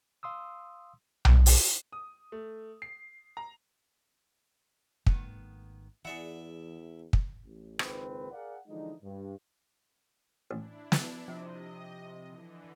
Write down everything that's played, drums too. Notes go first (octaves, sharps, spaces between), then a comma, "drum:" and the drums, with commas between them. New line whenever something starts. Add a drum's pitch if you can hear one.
F5 C6 D#6 E6
drum: tom B1
drum: open hi-hat
D#6
A3
C7
A#5
G#1 D#3 G3 A3 B3, drum: kick
E2 E3 E4 G#4 D5 E5 F#5
drum: kick
A1
F#1 C#2 G#2 D#3 C4 B4, drum: rim click
G#4 A#4 D5 F5 F#5
D3 E3 F3 G#3 D#4
G2
A1 D4 E4
drum: snare
C3 F3 D#5
D3 E3